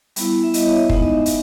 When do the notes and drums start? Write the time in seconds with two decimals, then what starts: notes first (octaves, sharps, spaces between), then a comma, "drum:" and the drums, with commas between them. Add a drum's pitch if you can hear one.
0.16 G3 B3 E4, drum: hi-hat
0.43 E5
0.54 G3 B3 E4 D#5, drum: hi-hat
0.66 C#5
0.77 D#5
0.89 G#3 B3 D#4 D#5, drum: kick
1.02 D#5
1.13 E5
1.26 D#4, drum: hi-hat